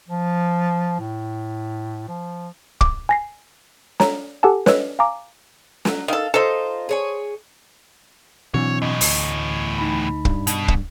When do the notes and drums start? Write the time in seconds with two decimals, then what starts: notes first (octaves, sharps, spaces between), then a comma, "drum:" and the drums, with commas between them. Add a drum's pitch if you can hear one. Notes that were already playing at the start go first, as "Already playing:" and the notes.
0.08 F3
1.00 A2
2.08 F3
2.81 D6, drum: kick
3.09 G#5 A#6 C7
4.00 C#5 A#5, drum: snare
4.43 G4 A4 F#5 G#5 A5
4.66 B4 C#5 D#5 E6, drum: snare
4.99 F5 G#5 A#5 D6
5.85 F#3, drum: snare
6.08 D#3 A4 F5
6.34 D#4 F4 A4 C5
6.89 G#4 C#5 G#5
8.54 B2 E3 F#3 C4 D4 E4 C#5
8.82 E2 A2 D#5
9.01 D2, drum: open hi-hat
9.78 D#4 B5
10.25 G2, drum: kick
10.47 B2, drum: hi-hat
10.68 drum: kick